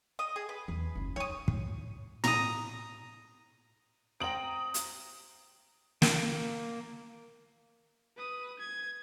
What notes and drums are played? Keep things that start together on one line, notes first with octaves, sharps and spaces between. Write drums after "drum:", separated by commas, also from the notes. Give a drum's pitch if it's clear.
D#5 D#6
G#4
B4
E2
F#1 D#2
D#4 C#5 D#6
drum: kick
A#5 D#6, drum: tom
C4 G5 A#5 D#6 D7 F#7
drum: hi-hat
A#3, drum: snare
B4 D#6
G#6